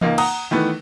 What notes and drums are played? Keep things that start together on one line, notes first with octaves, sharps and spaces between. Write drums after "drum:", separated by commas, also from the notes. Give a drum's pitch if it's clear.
C#2 A#3 D#4, drum: tom E3
F#5 A#5 D#6, drum: cymbal
D#3 E3 A3 B3